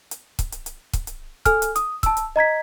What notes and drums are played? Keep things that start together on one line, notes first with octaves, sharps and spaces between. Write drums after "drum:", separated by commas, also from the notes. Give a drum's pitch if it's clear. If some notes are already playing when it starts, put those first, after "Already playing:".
drum: hi-hat
drum: kick, hi-hat
drum: hi-hat
drum: hi-hat
drum: kick, hi-hat
drum: hi-hat
A4 G#5 F6, drum: kick, hi-hat
drum: hi-hat
D#6, drum: hi-hat
A5 E6, drum: kick, hi-hat
drum: hi-hat
D#5 A#5 G#6 B6